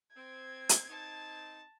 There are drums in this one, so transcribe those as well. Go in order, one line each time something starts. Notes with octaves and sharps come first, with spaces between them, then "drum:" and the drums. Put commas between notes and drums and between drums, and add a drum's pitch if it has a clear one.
C4 G#6
drum: hi-hat
C4 D#4 A5